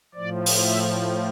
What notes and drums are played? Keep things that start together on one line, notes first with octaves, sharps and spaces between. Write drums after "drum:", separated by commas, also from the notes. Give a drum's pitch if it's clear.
A2 F3 D5
drum: open hi-hat
E5